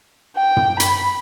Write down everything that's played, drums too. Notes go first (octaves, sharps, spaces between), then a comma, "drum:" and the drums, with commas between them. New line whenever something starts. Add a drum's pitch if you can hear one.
G5
drum: tom
B5, drum: hi-hat